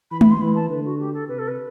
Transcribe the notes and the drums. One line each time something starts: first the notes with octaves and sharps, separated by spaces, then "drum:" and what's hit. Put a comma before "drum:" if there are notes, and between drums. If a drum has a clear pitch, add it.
E3 B5
B5, drum: tom G#3
C6
E3 B5
A5
D3 B4
F#4
G4
A4
C3 B4
A4
B4